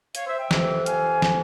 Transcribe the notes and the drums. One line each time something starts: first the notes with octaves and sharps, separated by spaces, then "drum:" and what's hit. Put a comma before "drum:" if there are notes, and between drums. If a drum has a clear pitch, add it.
C#5 F5, drum: hi-hat
C5 E5
E5 G5
F2 C3 E3, drum: snare
F5 G#5, drum: hi-hat
drum: snare